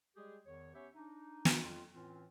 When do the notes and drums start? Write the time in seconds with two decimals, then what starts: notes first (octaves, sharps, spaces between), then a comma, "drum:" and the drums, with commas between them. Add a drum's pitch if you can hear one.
0.16 G3 G#3 G4 G#4
0.46 E2 D#3 C#5
0.74 B3 C#4 G4 C#5 E5
0.95 D4 D#4
1.45 drum: snare
1.61 F2 F#3 F4
1.93 A2 E3 C4 C#4 F4